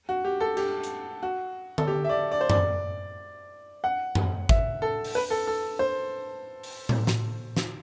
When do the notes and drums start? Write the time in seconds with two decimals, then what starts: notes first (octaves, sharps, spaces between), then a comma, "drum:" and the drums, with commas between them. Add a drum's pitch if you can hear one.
0.09 F#4
0.25 G4
0.40 A4
0.57 G4, drum: cymbal
0.83 drum: hi-hat
1.23 F#4
1.78 A4, drum: tom D3
1.87 G4
2.05 E5
2.09 D5
2.32 D5
2.41 C5
2.50 D5, drum: tom F#2
3.84 F#5
4.15 drum: tom F#2
4.49 E5, drum: kick G#1
4.82 A4
5.04 drum: open hi-hat
5.15 B4
5.30 A4
5.47 A4
5.79 C5
6.63 drum: open hi-hat
6.89 drum: tom A2
7.07 drum: snare
7.57 drum: snare